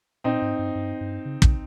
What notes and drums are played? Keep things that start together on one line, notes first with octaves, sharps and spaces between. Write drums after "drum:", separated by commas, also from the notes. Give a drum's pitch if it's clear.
A#2 C4 D#4
G#2
G2
G2
G2
C#3
C#3, drum: kick